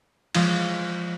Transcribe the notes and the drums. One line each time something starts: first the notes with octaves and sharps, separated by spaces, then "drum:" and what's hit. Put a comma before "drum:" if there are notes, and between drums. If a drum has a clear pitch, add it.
F3 G#3 F4, drum: cymbal